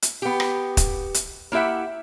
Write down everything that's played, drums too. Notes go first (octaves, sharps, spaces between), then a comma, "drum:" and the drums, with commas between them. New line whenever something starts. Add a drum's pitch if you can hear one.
drum: hi-hat
B3 G4
drum: rim click
drum: kick, hi-hat
drum: hi-hat
A#3 E4 G4 E5 F#5